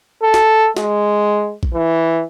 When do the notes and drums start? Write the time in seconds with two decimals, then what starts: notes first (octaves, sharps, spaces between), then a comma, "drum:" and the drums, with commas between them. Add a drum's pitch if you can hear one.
0.23 A4
0.34 drum: snare
0.76 G#3, drum: snare
1.63 drum: kick
1.74 E3